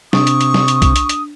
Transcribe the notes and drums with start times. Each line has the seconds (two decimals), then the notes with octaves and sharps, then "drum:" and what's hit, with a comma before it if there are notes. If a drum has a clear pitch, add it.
0.13 C3 D4 C#6 D#6, drum: snare
0.27 drum: hi-hat
0.41 drum: hi-hat
0.54 drum: snare
0.68 drum: hi-hat
0.82 drum: kick, hi-hat
0.96 drum: hi-hat
1.09 drum: hi-hat